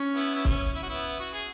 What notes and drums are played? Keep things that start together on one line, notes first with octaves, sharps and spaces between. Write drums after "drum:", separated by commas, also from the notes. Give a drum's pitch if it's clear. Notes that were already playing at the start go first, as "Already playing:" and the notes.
Already playing: C#4
B3 E4
E4
C#4, drum: kick
E4
F#4
B3 E4
F#4
G#4